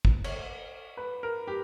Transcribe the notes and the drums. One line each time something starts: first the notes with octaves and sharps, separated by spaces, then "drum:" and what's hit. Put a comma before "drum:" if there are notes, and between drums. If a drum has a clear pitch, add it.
drum: kick
C#5, drum: cymbal
B4
A#4
G4